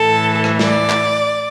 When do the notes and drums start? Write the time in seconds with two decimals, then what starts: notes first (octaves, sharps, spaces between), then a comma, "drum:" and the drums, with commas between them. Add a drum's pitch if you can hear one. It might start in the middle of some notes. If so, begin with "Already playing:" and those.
Already playing: A2 E3 A4
0.44 drum: rim click
0.59 D5, drum: snare
0.90 drum: clap